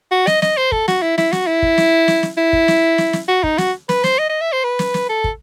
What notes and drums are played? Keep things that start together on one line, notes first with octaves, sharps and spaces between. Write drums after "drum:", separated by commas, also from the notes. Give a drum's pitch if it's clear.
F#4
D#5, drum: snare
D#5, drum: snare
C5
A4, drum: kick
F#4, drum: snare
E4
E4, drum: snare
F#4, drum: snare
E4
drum: kick
drum: snare
drum: snare
drum: snare
E4
drum: kick
drum: snare
drum: snare
drum: snare
F#4
D#4, drum: kick
F#4, drum: snare
B4, drum: snare
C5, drum: snare
D#5
D#5
E5
C5
B4
drum: snare
drum: snare
A4
drum: kick